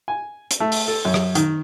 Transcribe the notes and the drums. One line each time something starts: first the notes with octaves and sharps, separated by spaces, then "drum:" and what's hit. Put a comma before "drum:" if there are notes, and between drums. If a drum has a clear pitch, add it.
G#5
drum: hi-hat
A3
drum: open hi-hat
A4
F#2
drum: rim click
D#3, drum: hi-hat